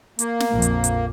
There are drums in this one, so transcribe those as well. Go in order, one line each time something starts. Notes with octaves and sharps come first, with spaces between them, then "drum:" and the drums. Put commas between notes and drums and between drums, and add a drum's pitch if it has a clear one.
A#3, drum: hi-hat
drum: snare
A#1 F2 A#2
drum: hi-hat
drum: hi-hat